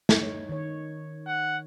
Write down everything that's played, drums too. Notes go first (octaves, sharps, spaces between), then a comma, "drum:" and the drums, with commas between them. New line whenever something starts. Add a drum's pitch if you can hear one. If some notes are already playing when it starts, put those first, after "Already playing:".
drum: snare
D#4 C#5
D#3 C#5
F#5